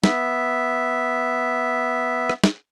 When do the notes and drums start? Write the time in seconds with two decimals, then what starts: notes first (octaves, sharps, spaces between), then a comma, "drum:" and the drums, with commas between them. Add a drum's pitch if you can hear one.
0.04 B3 E5, drum: snare
2.29 drum: rim click
2.44 drum: snare